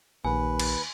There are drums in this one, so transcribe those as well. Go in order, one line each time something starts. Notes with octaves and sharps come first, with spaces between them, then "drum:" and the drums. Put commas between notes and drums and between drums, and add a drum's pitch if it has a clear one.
A#1 D#2 B4 G#5
drum: cymbal